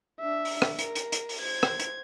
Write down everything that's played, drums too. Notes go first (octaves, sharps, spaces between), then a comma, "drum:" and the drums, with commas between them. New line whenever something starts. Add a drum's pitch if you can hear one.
D4 E5
drum: open hi-hat
drum: rim click
A#4, drum: hi-hat
drum: hi-hat
drum: hi-hat
drum: open hi-hat
C5 G#6
drum: rim click
drum: hi-hat